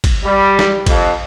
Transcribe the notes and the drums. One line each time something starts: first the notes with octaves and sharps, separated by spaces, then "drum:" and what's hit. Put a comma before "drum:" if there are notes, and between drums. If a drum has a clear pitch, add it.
drum: kick, cymbal
G3
drum: snare
F2, drum: kick, cymbal